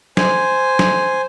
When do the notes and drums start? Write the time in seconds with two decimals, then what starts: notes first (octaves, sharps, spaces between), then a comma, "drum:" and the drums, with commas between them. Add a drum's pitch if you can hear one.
0.17 C5 G#5, drum: snare
0.79 drum: snare